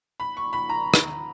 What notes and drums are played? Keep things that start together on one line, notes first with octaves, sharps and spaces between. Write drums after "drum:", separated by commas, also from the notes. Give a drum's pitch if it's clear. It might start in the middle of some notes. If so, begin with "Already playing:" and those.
B5
C#6
B5
A#5
drum: rim click